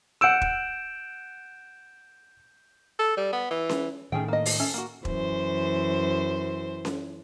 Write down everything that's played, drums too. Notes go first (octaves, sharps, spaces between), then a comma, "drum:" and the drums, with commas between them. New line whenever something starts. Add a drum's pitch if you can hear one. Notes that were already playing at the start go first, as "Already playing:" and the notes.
F#5 E6 G6 D7 E7
drum: kick E1
A4
G3
B3
E3
drum: snare C#4
A2 D#3 A3 C#4 G#4 G5
A#3 D#5
drum: open hi-hat
C#4 A4 E5
A#3 F#4
F#2 E3 C5, drum: kick E1
drum: snare C#4